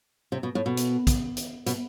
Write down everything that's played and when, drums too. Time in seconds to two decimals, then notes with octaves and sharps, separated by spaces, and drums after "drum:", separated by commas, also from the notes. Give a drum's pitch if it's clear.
0.32 C3
0.43 B2
0.55 A2
0.66 B2
0.77 drum: hi-hat
1.07 drum: kick, hi-hat
1.37 drum: hi-hat
1.66 B2, drum: hi-hat